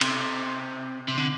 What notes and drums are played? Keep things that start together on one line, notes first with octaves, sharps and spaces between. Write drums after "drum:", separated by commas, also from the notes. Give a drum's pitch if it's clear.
C3, drum: cymbal
C3
D3